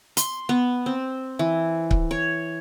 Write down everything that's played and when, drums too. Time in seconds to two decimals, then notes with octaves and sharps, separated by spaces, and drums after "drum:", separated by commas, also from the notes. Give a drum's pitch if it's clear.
0.17 C6, drum: hi-hat
0.49 B3
0.86 C4
1.39 E3
1.91 drum: kick C#1
2.11 C#5